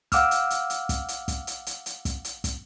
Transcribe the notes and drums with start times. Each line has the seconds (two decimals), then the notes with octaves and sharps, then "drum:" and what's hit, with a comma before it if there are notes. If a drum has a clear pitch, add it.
0.12 F5 F#5 D6 E6 F6, drum: kick, hi-hat
0.31 drum: hi-hat
0.50 drum: hi-hat
0.70 drum: hi-hat
0.89 drum: kick, hi-hat
1.08 drum: hi-hat
1.28 drum: kick, hi-hat
1.47 drum: hi-hat
1.67 drum: hi-hat
1.86 drum: hi-hat
2.05 drum: kick, hi-hat
2.25 drum: hi-hat
2.44 drum: kick, hi-hat